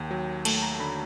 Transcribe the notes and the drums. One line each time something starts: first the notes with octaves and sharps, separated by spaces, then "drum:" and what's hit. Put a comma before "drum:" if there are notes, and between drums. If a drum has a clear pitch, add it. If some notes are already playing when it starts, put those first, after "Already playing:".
Already playing: D#2 G5
F#3
A3 A5, drum: cymbal
A#5
D3 B5